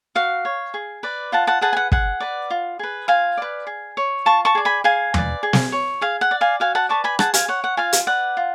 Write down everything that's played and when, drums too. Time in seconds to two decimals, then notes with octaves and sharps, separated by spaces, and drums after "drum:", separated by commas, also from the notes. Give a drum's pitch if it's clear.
0.15 F#4 F5
0.45 C#5
0.74 G#4
1.03 B4 D5
1.32 F4 F#5 A5
1.47 F#5 A5
1.61 G#4 B4 F#5 A5
1.73 G#5
1.77 F#5
1.92 G#4 F#5, drum: kick
2.20 B4 D5
2.50 F4
2.79 G#4 B4
3.08 F4 F5 G#5
3.37 B4 D5
3.67 G#4
3.97 C#5
4.26 F4 A5 C#6
4.45 A5 C#6
4.55 G#4 D5
4.65 G#5 B5
4.84 G#4 F5 G#5
5.14 B4 D5, drum: tom
5.43 G#4
5.53 drum: snare
5.72 C#5
6.01 G#4 F5
6.21 F#5
6.31 D5
6.41 F5 G#5
6.60 F#4 F5 G#5
6.75 F#5 A5
6.89 B4 D5 A5 C#6
7.04 G#5 B5
7.19 G#4 F#5 A5, drum: rim click
7.34 F5 G#5, drum: hi-hat
7.48 C#5 F#5
7.64 F#5
7.77 F4 F5 G#5
7.93 drum: hi-hat
8.07 B4 D5 F#5
8.37 F4